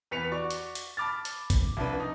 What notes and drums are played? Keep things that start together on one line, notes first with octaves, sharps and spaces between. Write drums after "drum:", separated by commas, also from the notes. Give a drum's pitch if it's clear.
E2 B4 B6 C#7 F7
F#4 D5 C#6
drum: hi-hat
drum: hi-hat
A5 B5 D6 F6 A6
drum: hi-hat
drum: kick, hi-hat
C2 F3 D4 B4
D#4